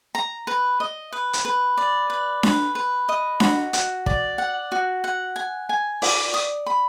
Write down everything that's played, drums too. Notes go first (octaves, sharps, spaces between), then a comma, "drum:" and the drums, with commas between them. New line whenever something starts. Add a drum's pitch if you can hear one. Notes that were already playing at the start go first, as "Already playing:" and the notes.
A#5
B4
D#5
B4
drum: hi-hat
B4
D5
B4
B4, drum: snare D4
B4
D#5
F#4, drum: snare D4
F#4, drum: hi-hat
D5, drum: kick
F#5
F#4
F#5
G#5
G#5
D5, drum: open hi-hat
D#6
B5